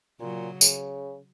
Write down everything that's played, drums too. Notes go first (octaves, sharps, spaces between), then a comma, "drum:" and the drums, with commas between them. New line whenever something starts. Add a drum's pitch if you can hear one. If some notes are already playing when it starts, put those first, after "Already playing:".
A#2 C#3 F#3
C#3, drum: tambourine